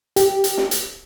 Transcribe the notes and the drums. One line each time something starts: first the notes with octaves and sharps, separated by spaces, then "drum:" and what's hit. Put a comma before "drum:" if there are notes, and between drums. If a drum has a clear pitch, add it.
G4, drum: hi-hat
drum: hi-hat
drum: snare
drum: hi-hat